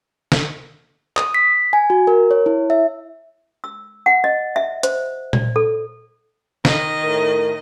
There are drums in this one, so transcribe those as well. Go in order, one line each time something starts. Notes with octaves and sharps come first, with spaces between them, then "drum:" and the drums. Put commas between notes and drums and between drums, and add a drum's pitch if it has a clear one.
drum: snare
D#6, drum: clap
B6
G#5
F#4
A#4
C#5
E4
E5
E6
F#5
D#5
E5
C5, drum: hi-hat
D5, drum: tom A#2
A4
D#3 D#5, drum: snare
A2 A#4